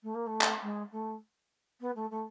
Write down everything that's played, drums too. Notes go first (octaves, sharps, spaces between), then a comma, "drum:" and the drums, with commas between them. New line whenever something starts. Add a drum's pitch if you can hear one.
A3
A#3
A3
drum: clap
G#3
A3
B3
A3
A3